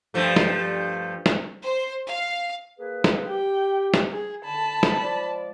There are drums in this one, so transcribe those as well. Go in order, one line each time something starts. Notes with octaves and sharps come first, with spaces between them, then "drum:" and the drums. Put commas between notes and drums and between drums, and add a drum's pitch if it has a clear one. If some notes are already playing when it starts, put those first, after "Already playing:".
G2 F3 A3
drum: snare
drum: snare
C5
F5
A#3 G#4 B4
drum: snare
G4 G5
drum: snare
G#4
D3 A5 B5
drum: snare
F3 G#3 D5